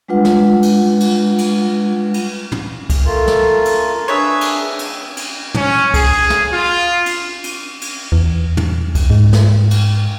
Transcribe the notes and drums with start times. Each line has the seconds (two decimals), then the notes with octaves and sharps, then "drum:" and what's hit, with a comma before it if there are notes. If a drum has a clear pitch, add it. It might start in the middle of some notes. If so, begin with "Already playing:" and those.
0.08 G3 G#3 D4 F4 B4 F#5
0.25 drum: snare
0.63 drum: cymbal
1.00 drum: cymbal
1.38 drum: cymbal
2.14 drum: cymbal
2.52 drum: tom
2.90 drum: kick C2, cymbal
3.06 A3 F4 A4 A#4
3.27 drum: snare
3.65 drum: cymbal
4.08 D4 G#4 B4 C#5 E5
4.41 drum: cymbal
4.79 drum: cymbal
5.17 drum: cymbal
5.54 C#4, drum: tom
5.94 G#4, drum: kick C2, cymbal
6.30 drum: snare
6.52 F4
7.06 drum: cymbal
7.44 drum: cymbal
7.81 drum: cymbal
8.12 E2
8.57 drum: tom
8.95 drum: kick C2, cymbal
9.10 G#2
9.33 drum: snare
9.71 drum: cymbal